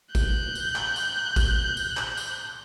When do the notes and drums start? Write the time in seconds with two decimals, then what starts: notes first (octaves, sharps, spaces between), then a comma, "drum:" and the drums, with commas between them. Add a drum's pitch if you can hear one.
0.15 F#6 G6, drum: kick A1, tambourine
0.55 drum: tambourine
0.76 drum: clap
0.96 drum: tambourine
1.36 drum: kick A1, tambourine
1.77 drum: tambourine
1.97 drum: clap
2.17 drum: tambourine